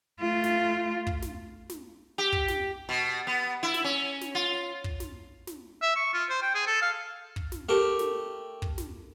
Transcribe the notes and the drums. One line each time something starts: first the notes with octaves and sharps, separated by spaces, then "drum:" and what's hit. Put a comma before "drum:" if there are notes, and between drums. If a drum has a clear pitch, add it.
A3 F4
drum: snare
drum: kick
drum: snare
drum: snare
G4
drum: kick
drum: snare
B2
B3
E4
drum: snare
C#4
drum: snare
F4
drum: kick
drum: snare
drum: snare
E5
C#6
F4
C5
G5
G#4
A4
F5
drum: kick
drum: snare
A3 G4 A#4
drum: snare
drum: kick
drum: snare